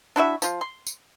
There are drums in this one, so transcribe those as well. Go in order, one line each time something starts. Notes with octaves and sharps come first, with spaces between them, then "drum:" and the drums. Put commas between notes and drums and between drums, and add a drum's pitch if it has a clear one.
D4 E4 F#4 E5
F3 F4, drum: tambourine
C6
drum: tambourine